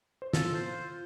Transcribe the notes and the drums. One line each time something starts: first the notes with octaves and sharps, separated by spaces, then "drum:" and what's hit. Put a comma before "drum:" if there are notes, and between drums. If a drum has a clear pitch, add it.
C5
F4 A4, drum: snare
C5